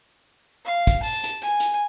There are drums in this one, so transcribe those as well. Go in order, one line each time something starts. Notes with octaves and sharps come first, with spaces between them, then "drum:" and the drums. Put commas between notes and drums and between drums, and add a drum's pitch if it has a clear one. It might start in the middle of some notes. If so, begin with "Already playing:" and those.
F5
drum: kick, hi-hat
A5, drum: open hi-hat
drum: hi-hat
G#5, drum: hi-hat
drum: hi-hat